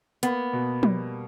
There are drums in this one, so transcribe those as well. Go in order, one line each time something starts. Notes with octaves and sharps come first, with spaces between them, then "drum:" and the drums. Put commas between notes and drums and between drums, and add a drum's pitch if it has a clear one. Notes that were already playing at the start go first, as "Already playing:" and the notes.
A#3 B3, drum: hi-hat
B2
G3, drum: tom